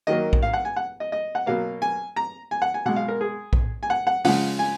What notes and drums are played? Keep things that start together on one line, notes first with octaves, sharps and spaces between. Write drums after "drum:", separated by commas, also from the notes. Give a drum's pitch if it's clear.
D#3 F#3 A#3 D#5
drum: kick A#1
F5
F#5
G#5
F#5
D#5
D#5
F#5
B2 F#3 A#3 F5
G#5
A#5
G#5
F#5
G#5
B2 G#3 F#5
F5
A#4
G#4
drum: kick A#1
G#5
F#5
F#5
C#3 F3 G#3 F#5, drum: open hi-hat
G#5